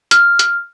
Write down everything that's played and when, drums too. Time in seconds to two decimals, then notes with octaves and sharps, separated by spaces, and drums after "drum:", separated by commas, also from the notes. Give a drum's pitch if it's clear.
0.11 F6, drum: hi-hat
0.39 drum: hi-hat